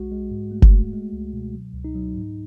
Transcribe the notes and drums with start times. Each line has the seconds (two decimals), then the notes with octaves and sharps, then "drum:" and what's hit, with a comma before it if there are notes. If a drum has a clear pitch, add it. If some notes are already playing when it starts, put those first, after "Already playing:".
Already playing: B1 G#3 F#4
0.12 G#3
0.31 G#2
0.51 A3
0.62 drum: kick F#1
0.73 A3
0.93 G#3
1.13 C#2
1.33 B2
1.54 F#3
1.74 C#2
1.85 D#4
1.95 F#3
2.15 G#2